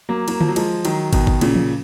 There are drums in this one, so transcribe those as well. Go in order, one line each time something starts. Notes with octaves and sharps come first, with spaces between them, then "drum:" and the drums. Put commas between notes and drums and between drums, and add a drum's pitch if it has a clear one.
F#3 A#3
F#3 A#3, drum: cymbal
F3, drum: tom
F#3
F3 G#3, drum: cymbal
D#3 F#3, drum: cymbal
B2 D#3, drum: kick, cymbal
drum: kick
A#2 C#3, drum: cymbal
drum: tom